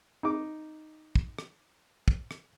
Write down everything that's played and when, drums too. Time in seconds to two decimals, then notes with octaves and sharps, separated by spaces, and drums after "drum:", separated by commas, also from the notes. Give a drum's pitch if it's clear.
0.23 D#4 D6
1.15 drum: kick
1.39 drum: rim click
2.08 drum: kick
2.31 drum: rim click